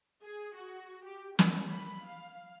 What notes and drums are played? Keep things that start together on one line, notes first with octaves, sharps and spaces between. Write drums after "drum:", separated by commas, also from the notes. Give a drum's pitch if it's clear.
G#4
F#4
G4
C#4, drum: snare
B5
F5